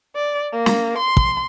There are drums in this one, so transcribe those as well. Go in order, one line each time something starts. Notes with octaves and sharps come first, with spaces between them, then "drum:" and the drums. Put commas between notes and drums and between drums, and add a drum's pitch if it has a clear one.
D5
A#3
drum: snare
C6
drum: kick